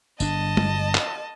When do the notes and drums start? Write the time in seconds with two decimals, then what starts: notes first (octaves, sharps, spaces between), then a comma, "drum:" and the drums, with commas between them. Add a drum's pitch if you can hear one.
0.20 G1 D4 D#5 A5, drum: tambourine
0.57 drum: tom
0.95 drum: clap